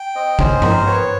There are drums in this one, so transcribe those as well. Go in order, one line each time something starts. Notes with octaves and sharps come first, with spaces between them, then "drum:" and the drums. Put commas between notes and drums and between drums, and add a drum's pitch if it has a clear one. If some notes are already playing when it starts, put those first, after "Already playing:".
Already playing: G5
C4 D#5
C#4 C5, drum: kick
C4 A#4, drum: tom G2
B3 C#5